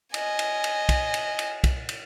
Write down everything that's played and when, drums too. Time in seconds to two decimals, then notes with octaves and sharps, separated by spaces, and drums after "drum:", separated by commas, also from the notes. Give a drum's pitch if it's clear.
0.14 D#5 G#5, drum: cymbal
0.39 drum: cymbal
0.64 drum: cymbal
0.89 drum: kick, cymbal
1.14 drum: cymbal
1.39 drum: cymbal
1.64 drum: kick, cymbal
1.89 drum: cymbal